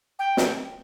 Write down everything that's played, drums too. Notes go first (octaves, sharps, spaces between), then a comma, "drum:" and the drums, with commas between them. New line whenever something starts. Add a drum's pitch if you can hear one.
G5
drum: snare